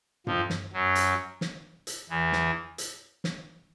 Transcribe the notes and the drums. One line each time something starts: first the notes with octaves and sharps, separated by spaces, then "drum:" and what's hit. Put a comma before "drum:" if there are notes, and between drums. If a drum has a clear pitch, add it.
F2 F3, drum: tom G2
drum: snare
F#2 F#3
drum: hi-hat
drum: snare
drum: hi-hat
E2 E3
drum: snare
drum: hi-hat
drum: snare